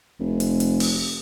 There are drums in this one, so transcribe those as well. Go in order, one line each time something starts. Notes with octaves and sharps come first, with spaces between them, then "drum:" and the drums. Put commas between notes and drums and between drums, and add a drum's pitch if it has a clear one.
F1
drum: hi-hat
drum: hi-hat
drum: open hi-hat